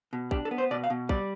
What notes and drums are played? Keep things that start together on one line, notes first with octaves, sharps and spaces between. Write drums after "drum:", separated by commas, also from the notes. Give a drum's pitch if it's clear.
B2
D4 G4, drum: kick
A4
B3
C5
B2 D5
F5
B2
G3 D5, drum: kick